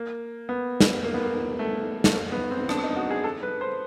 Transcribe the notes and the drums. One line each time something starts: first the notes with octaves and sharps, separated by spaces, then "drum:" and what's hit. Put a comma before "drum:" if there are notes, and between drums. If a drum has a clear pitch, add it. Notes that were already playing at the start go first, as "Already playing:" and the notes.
Already playing: A#3
B3
drum: snare
A#3
B3
A#3
A3
A3, drum: snare
A#3
B3
C4
D4, drum: rim click
D#4
F#4
G#4
A4
B4
C5